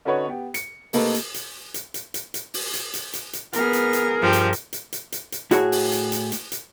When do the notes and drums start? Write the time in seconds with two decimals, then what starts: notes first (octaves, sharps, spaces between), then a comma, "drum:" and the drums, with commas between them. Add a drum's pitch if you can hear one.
0.05 D3 C#4 D#4 F#4 B4 C#5
0.26 B3 G4
0.54 C#7, drum: hi-hat
0.93 C3 A3 A#3 D#4 A4 B4, drum: open hi-hat
1.15 drum: hi-hat
1.34 drum: hi-hat
1.74 drum: hi-hat
1.94 drum: hi-hat
2.14 drum: hi-hat
2.34 drum: hi-hat
2.54 drum: open hi-hat
2.74 drum: hi-hat
2.94 drum: hi-hat
3.13 drum: hi-hat
3.33 drum: hi-hat
3.53 B3 G#4 A#4 F6, drum: hi-hat
3.73 drum: hi-hat
3.93 drum: hi-hat
4.20 G2 F3 G4
4.33 drum: hi-hat
4.53 drum: hi-hat
4.73 drum: hi-hat
4.92 drum: hi-hat
5.12 drum: hi-hat
5.32 drum: hi-hat
5.51 A2 E4 F#4 G#4 C#5, drum: hi-hat
5.72 drum: open hi-hat
5.92 drum: hi-hat
6.12 drum: hi-hat
6.32 drum: hi-hat
6.52 drum: hi-hat